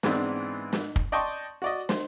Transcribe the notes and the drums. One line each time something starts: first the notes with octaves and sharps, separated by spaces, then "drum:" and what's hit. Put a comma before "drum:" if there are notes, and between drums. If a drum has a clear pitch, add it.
G#2 E3 G#3 B3 C4 D4, drum: snare
drum: snare
drum: kick
D5 D#5 G5 A5 C6 C#6
F#4 D5 D#5
C5, drum: snare